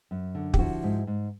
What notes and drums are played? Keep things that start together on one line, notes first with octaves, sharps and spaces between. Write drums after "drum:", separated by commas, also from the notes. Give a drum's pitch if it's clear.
F#2
D3
G4, drum: kick
F3 E4 F#4
G#2
G#2